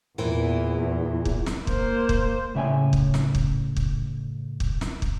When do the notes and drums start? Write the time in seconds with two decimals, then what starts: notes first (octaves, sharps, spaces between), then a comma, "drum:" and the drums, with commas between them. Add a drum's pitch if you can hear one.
0.18 E2 A#2 E3
1.25 drum: kick
1.46 drum: snare
1.67 A#3 C5, drum: kick
2.09 drum: kick
2.55 A2 C#3 E5 G5 G#5
2.93 drum: kick
3.14 drum: snare
3.35 drum: kick
3.76 drum: kick
4.60 drum: kick
4.81 drum: snare
5.02 drum: kick